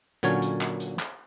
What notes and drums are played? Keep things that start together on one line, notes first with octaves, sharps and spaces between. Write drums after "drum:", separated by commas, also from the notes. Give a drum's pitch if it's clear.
A#2 D3 F#3 C#4 C#5 G#5, drum: hi-hat
drum: hi-hat
drum: clap
drum: hi-hat
drum: clap